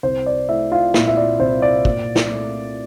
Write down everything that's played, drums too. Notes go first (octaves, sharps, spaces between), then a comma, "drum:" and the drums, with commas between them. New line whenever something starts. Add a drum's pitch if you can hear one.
C2 C5
D5
A3 E4 E5
F4 F5
A#2 E4 E5, drum: snare
E5
D5
C2 C5
D5
A#2, drum: kick
drum: snare
A3